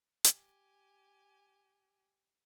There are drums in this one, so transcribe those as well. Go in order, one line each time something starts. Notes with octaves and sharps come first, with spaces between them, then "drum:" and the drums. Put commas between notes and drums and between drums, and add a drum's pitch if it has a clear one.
G4 G#5, drum: hi-hat